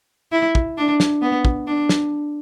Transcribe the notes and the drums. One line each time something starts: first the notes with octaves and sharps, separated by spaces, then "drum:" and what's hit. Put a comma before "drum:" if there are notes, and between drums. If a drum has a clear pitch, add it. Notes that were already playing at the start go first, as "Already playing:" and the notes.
E4
drum: kick
D4
drum: snare
B3
drum: kick
D4
drum: snare